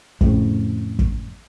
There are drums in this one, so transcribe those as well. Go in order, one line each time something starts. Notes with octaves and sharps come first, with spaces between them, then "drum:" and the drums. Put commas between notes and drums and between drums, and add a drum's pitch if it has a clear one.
F2 A2 C#3, drum: kick
drum: kick